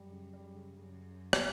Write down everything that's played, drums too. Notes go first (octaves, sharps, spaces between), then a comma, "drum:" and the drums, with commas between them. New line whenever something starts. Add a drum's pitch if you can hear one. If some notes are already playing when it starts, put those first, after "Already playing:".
Already playing: F#2 G3
C#3
G3
C#3
F#2 C#3
drum: rim click